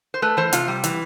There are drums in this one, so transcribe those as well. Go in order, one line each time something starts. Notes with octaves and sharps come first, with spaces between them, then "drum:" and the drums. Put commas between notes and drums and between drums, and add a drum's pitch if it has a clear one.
C5
A3 B4
E3 C5
C3 F4, drum: hi-hat
G3
E3, drum: hi-hat